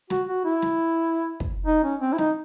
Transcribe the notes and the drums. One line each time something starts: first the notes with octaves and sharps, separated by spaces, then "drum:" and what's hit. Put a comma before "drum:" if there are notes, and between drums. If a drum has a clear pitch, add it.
F#4, drum: snare
F#4
E4
drum: snare
drum: kick
D#4
C#4
C4
E4
D#4, drum: snare